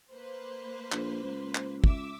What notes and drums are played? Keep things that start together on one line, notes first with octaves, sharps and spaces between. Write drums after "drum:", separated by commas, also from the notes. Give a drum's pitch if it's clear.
A#3 B4 C5
A#1, drum: clap
C#2
drum: clap
E5 D6 E6, drum: kick